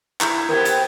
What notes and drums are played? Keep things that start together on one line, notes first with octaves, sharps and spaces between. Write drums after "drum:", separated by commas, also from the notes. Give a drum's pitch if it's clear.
E4 A#5 G6, drum: clap
B3 C4 G4 A#4 G6 G#6
drum: hi-hat